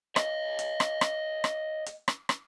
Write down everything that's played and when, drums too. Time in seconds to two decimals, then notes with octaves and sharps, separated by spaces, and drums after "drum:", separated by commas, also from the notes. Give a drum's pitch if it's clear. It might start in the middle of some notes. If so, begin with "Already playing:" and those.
0.16 C#5 D#5, drum: rim click
0.59 drum: hi-hat
0.80 drum: rim click
1.01 drum: rim click
1.44 drum: rim click
1.86 drum: hi-hat
2.08 drum: rim click
2.29 drum: rim click